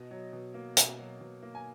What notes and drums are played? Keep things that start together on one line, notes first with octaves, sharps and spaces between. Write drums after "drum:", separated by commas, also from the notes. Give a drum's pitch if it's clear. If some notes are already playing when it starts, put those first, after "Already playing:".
Already playing: B2 D#5
F#3
B2
A#3
B2, drum: hi-hat
F#3
B2
A#3
G#5